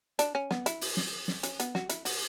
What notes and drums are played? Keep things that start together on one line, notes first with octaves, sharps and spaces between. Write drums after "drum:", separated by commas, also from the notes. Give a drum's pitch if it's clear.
D4, drum: hi-hat
C#4
B3, drum: snare
E4, drum: hi-hat
drum: open hi-hat
drum: snare
drum: snare
C#4, drum: hi-hat
B3, drum: hi-hat
F#4, drum: snare
E4, drum: hi-hat
F#4, drum: open hi-hat